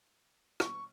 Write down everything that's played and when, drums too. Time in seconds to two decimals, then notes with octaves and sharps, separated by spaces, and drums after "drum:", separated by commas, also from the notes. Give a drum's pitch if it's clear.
0.60 C#6, drum: rim click